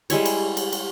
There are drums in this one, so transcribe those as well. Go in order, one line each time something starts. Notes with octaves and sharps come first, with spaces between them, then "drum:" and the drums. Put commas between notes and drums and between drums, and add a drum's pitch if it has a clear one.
G3 G#3 E4 C#5, drum: cymbal
drum: cymbal
drum: cymbal
drum: cymbal